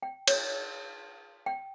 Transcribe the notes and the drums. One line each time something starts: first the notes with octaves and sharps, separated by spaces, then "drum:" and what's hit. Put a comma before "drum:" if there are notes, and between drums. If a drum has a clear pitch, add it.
G5
C#5, drum: cymbal
G5